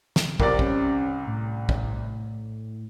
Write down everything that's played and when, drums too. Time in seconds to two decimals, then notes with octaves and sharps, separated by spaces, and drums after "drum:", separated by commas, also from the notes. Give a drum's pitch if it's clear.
0.16 drum: snare
0.40 C2 C3 A#4 D5, drum: kick
0.59 C#4, drum: kick
1.27 A2
1.69 drum: kick